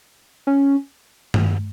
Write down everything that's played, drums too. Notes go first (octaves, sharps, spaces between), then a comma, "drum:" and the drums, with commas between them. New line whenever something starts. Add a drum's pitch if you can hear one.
C#4
drum: tom